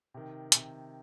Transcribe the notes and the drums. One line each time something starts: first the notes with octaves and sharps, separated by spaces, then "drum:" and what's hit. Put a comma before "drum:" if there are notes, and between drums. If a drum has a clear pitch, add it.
C3 D#3
C3 D#3, drum: hi-hat